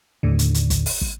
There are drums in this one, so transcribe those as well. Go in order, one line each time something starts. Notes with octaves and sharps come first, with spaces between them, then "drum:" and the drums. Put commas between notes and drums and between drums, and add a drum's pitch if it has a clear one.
D#2 A2 D3
drum: hi-hat
drum: hi-hat
drum: kick, hi-hat
drum: open hi-hat
drum: kick